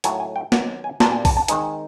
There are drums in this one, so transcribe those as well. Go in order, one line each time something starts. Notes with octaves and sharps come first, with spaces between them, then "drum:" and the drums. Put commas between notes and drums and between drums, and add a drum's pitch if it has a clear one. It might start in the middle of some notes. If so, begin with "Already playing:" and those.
A2 F#3 A#3 D#4 G#5, drum: hi-hat
G#5
G5
D#3 F#3 B3 D#4 F#5, drum: snare
G#5
A#2 G3 A#3 D4 A5, drum: snare
G#5
A5, drum: kick B1, open hi-hat
A5
D#3 G#3 C4 D#4 G#5, drum: hi-hat